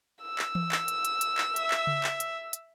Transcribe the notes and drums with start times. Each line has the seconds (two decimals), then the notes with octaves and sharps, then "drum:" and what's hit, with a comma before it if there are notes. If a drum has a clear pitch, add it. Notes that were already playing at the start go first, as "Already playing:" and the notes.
0.22 E6
0.39 drum: clap
0.55 drum: tom E3
0.72 drum: clap
0.88 drum: hi-hat
1.05 drum: hi-hat
1.21 drum: hi-hat
1.38 drum: clap
1.56 E5, drum: hi-hat
1.71 drum: clap
1.87 drum: tom C#3
2.04 drum: clap
2.20 drum: hi-hat
2.53 drum: hi-hat